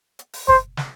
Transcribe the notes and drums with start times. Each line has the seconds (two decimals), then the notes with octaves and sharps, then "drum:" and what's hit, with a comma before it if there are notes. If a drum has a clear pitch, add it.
0.19 drum: hi-hat
0.33 drum: open hi-hat
0.48 C5, drum: kick
0.77 drum: snare